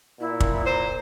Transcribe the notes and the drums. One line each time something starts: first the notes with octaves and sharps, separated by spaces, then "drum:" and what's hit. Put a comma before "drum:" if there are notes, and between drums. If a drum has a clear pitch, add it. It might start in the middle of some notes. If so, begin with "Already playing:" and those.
A#2 E4
drum: kick
C5 A#5